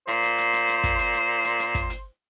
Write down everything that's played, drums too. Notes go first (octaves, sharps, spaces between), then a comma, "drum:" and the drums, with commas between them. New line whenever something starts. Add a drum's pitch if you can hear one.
A#2 C5, drum: hi-hat
drum: hi-hat
drum: hi-hat
drum: hi-hat
drum: hi-hat
drum: kick, hi-hat
drum: hi-hat
drum: hi-hat
drum: hi-hat
drum: hi-hat
drum: kick, hi-hat
drum: hi-hat